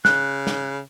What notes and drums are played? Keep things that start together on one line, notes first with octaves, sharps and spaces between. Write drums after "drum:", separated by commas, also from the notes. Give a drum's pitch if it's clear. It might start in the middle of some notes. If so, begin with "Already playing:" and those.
C#3 F#6, drum: snare
drum: snare